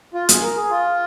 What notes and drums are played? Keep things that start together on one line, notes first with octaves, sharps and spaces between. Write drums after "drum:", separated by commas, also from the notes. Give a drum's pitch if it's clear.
F4
G#4, drum: hi-hat
A#4
G#4
F4